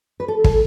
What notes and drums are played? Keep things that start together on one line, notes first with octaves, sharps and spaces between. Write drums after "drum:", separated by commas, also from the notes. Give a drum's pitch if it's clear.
B4
A4
A4, drum: kick